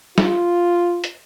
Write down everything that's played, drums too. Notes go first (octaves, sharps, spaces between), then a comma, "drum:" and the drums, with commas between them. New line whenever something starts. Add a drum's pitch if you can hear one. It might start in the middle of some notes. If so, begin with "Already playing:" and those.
F4, drum: snare
drum: hi-hat